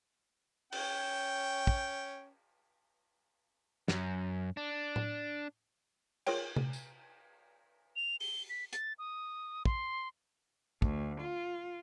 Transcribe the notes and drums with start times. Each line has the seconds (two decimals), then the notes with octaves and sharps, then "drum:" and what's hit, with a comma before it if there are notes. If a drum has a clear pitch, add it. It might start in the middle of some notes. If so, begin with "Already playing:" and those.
0.72 C#4 G5, drum: cymbal
1.67 drum: kick
3.88 F#2, drum: snare
4.57 D4
4.96 drum: tom A2
6.27 F4 G#4 A#4 C#5 G5, drum: cymbal
6.56 drum: tom C3
6.73 drum: tambourine
7.96 F7
8.20 G7, drum: open hi-hat
8.49 B6
8.73 A6, drum: hi-hat
8.99 D#6
9.65 C6, drum: kick
10.82 D2, drum: kick
11.21 F4